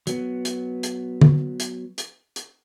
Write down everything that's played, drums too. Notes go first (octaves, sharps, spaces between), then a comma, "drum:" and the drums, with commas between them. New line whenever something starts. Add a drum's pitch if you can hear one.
F#3 B3, drum: hi-hat
drum: hi-hat
drum: hi-hat
drum: tom
drum: hi-hat
drum: hi-hat
drum: hi-hat